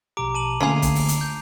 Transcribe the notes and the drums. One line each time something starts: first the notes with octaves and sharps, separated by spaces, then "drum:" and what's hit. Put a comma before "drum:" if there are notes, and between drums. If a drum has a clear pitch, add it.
A#1 B2 G4 A#5 D6 D7
A5 D#7 F#7
D3 A3 A#3 C#4 F4 G#4 C7 F7
drum: kick, hi-hat
drum: open hi-hat
drum: hi-hat
G6